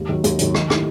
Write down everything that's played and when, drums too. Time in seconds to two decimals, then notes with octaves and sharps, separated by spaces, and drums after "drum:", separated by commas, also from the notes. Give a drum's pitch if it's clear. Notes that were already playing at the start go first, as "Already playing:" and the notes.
Already playing: D#2
0.09 D#3 F#3
0.24 D#2, drum: hi-hat
0.39 D#3 F#3, drum: hi-hat
0.55 D#3, drum: rim click
0.70 A3 E4 G4, drum: rim click